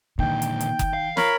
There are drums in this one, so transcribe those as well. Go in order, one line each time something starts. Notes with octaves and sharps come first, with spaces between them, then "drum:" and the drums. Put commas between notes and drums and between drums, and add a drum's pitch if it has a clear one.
A#2 D3 D#3 G5
drum: hi-hat
drum: hi-hat
drum: kick F#1, hi-hat
F5
A#4 C#5 B5, drum: snare